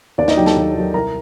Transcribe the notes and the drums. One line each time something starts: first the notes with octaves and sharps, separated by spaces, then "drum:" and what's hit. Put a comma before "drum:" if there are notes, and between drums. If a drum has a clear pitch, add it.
D#2 D4 D5
D#4 D#5, drum: snare
D#3 F#3 G4 G5
A4 A5, drum: snare
D#2
D#3 F#3
C2 A#4 A#5